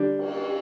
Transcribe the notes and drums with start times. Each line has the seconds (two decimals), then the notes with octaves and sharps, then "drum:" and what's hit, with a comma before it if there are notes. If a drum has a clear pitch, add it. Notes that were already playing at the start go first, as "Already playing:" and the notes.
Already playing: D3 G3 D4
0.19 drum: cymbal